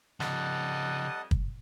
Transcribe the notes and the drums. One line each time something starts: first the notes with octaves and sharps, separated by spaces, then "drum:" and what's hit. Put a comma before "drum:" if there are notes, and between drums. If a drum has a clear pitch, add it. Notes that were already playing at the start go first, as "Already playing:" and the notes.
F2 C#3 F3 G3 D#5 F#5 A5, drum: snare
drum: kick